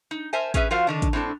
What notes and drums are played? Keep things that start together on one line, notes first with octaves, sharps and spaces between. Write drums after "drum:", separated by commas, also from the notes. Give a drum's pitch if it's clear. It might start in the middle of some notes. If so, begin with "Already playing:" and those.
D#4
A#4 C5 E5 G#5 A5
C#4 G#4 B4 E5, drum: kick, hi-hat
F3 F4 F#4 A#4 C5 F5
D3 D#3 D4
drum: kick, hi-hat
A2 C4 D4 A4